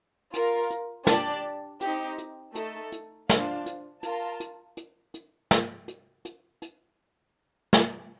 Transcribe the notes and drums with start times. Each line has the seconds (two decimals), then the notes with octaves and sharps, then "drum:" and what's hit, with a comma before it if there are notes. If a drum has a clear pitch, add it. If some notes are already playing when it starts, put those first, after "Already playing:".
0.34 F4 A#4 F5, drum: hi-hat
0.70 drum: hi-hat
1.07 D4 G4 D5 A5, drum: snare
1.81 C4 D#4 G4, drum: hi-hat
2.18 drum: hi-hat
2.55 A3 D#4 A4, drum: hi-hat
2.92 drum: hi-hat
3.29 D4 F4 C5 F5, drum: snare
3.66 drum: hi-hat
4.03 F4 A#4 F5 A5, drum: hi-hat
4.40 drum: hi-hat
4.77 drum: hi-hat
5.14 drum: hi-hat
5.51 drum: snare
5.88 drum: hi-hat
6.25 drum: hi-hat
6.62 drum: hi-hat
7.73 drum: snare